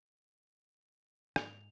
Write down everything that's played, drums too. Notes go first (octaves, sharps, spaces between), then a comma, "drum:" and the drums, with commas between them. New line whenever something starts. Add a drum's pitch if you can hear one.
G#2 F7, drum: rim click